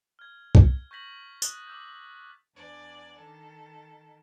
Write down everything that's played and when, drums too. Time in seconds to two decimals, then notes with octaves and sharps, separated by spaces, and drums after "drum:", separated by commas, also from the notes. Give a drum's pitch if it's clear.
0.19 F6 G#6
0.55 drum: kick C2
0.91 C#6 G6 G#6 A#6 B6 F#7
1.42 D#6 F#6 A6, drum: tambourine
1.67 D6 E6 G6
2.55 E2 D4 D5 G#5
3.18 D#3 A4